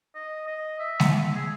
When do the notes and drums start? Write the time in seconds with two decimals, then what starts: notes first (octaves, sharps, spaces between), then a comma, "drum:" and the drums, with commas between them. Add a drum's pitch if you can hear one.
0.15 D#5
0.47 D#5
0.79 E5
1.00 drum: snare G#3
1.12 E5
1.35 G#4